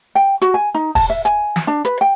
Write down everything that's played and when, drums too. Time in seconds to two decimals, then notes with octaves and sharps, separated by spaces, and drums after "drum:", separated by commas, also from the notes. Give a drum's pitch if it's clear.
0.15 G5
0.41 F#4, drum: hi-hat
0.54 G#5
0.74 D#4
0.95 A5, drum: kick, open hi-hat
1.10 E5
1.25 G#5, drum: hi-hat
1.56 drum: snare
1.67 D4
1.85 B4, drum: hi-hat
2.01 G5